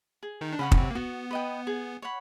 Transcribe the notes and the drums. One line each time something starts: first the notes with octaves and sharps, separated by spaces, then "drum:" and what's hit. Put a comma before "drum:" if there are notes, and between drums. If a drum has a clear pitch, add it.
G#4
D#3 D#4
D4
C#3 C#4 C#5 F#5 B5
C#4, drum: kick
C3 C4
A#3
B3 F#4
B4 D#5 G5
G#4
C#5 F#5 B5